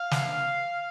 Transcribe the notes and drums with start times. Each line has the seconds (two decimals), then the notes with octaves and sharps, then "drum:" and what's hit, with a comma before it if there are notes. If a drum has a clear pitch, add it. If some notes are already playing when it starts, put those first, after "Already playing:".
Already playing: F5
0.11 drum: snare
0.21 C3 F3 A#3 D4